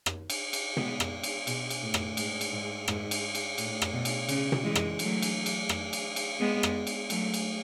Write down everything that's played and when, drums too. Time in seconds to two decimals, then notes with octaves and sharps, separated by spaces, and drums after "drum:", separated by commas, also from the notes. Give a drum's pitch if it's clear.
0.06 drum: rim click
0.30 drum: cymbal
0.53 drum: cymbal
0.77 G#3 B3, drum: tom
1.00 drum: rim click
1.23 drum: cymbal
1.47 B2, drum: cymbal
1.70 drum: cymbal
1.82 A2
1.94 drum: rim click
2.17 G#2, drum: cymbal
2.41 drum: cymbal
2.53 G#2
2.88 G#2, drum: rim click
3.11 drum: cymbal
3.35 drum: cymbal
3.58 A2, drum: cymbal
3.82 drum: rim click
3.93 B2
4.05 drum: cymbal
4.29 C#3, drum: cymbal
4.52 drum: tom
4.64 E3 G#3
4.75 drum: rim click
4.99 F#3 A3, drum: cymbal
5.22 drum: cymbal
5.46 drum: cymbal
5.69 drum: rim click
5.93 drum: cymbal
6.16 drum: cymbal
6.39 G#3 B3
6.63 drum: rim click
6.87 drum: cymbal
7.10 F#3 A3, drum: cymbal
7.34 drum: cymbal